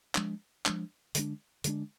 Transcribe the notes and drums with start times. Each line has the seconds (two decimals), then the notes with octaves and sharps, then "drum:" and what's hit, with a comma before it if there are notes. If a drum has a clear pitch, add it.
0.15 F3 G#3 D4, drum: clap
0.66 F3 G#3 D4, drum: clap
1.15 D3 G#3 D4, drum: hi-hat
1.64 D3 G#3 D4, drum: hi-hat